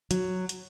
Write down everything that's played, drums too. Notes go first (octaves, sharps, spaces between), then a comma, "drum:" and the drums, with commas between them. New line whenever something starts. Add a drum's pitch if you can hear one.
F#3, drum: hi-hat
drum: hi-hat